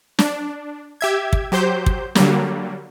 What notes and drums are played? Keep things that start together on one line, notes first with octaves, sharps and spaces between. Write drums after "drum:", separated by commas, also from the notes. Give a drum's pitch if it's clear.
D4, drum: snare
G4 E5 G#6
drum: kick
F#3 G4 C5 G6
drum: kick
D3 F#3 G3 A#3, drum: snare